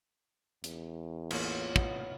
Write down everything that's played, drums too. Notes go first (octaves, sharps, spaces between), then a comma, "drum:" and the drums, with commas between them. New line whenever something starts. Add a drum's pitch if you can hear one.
E2, drum: hi-hat
A1 A#3 F4 C#5, drum: cymbal
B3 D#4 E4, drum: kick